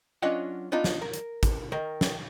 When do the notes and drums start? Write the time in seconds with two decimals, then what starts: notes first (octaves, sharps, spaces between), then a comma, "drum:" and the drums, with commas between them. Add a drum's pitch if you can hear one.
0.22 F#3 C#4 D4 F4 D#5 F#5
0.72 B3 D4 D#4 F4
0.84 drum: snare
1.02 A#4
1.14 drum: hi-hat
1.43 drum: kick, hi-hat
1.72 D#3 A#4
2.01 drum: snare